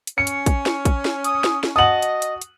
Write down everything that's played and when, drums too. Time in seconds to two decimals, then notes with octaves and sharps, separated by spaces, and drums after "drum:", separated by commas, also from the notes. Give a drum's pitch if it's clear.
0.07 drum: hi-hat
0.18 C#4 C#7
0.27 drum: hi-hat
0.46 drum: kick, hi-hat
0.66 drum: snare
0.85 drum: kick, hi-hat
1.05 drum: snare
1.24 D#6, drum: hi-hat
1.44 drum: snare
1.63 drum: snare
1.76 F#4 D#5 A5 D#6 F#7
2.02 drum: hi-hat
2.22 drum: hi-hat
2.42 drum: hi-hat